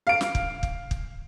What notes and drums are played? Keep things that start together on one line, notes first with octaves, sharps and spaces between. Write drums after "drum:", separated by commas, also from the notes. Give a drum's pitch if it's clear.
F5 D7
drum: snare
drum: kick
drum: kick
drum: kick